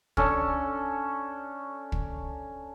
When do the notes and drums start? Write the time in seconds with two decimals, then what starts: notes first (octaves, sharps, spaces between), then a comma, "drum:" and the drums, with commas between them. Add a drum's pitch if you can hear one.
0.17 C#4 D4 A4, drum: kick
1.92 drum: kick